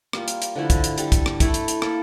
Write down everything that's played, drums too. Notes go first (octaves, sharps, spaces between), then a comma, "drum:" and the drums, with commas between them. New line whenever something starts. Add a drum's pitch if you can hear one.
G3 A#3 F4, drum: rim click
drum: hi-hat
drum: hi-hat
D3 F3 A3 E4
drum: kick, hi-hat
drum: hi-hat
G3 D4 A4, drum: hi-hat
drum: kick, hi-hat
drum: rim click
A3 E4 A4, drum: kick, hi-hat
drum: hi-hat
drum: hi-hat
A#3 E4 A4, drum: rim click